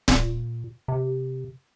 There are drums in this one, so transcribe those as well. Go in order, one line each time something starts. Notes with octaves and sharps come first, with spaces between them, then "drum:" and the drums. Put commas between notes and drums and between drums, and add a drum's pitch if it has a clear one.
A#2, drum: snare D1
C3